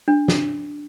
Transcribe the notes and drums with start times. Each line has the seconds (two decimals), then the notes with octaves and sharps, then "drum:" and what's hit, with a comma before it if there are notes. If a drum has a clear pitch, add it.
0.08 D4
0.28 drum: snare